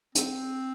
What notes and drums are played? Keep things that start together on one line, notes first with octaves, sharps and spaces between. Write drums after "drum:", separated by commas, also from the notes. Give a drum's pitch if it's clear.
C4, drum: hi-hat